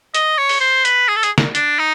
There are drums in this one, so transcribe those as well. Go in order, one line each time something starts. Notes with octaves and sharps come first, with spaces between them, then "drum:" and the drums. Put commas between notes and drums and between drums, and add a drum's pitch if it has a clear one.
D#5, drum: hi-hat
C#5
drum: open hi-hat
C5
B4, drum: hi-hat
G#4
A4
G#4, drum: hi-hat
drum: snare
D4, drum: hi-hat
D#4